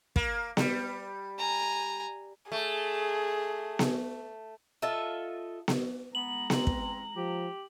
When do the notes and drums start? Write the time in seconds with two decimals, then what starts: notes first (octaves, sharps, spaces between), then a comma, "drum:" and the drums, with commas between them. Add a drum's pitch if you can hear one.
0.16 A#3, drum: kick
0.57 G3, drum: snare B3
1.38 G#5 A#5
2.52 A3 G#4
3.79 drum: snare B3
4.82 F4 A4 D#5 E5
5.68 drum: snare B3
6.15 G#3 B3 A#5 F#7
6.50 C4, drum: snare B3
6.67 drum: kick
7.17 F3 G4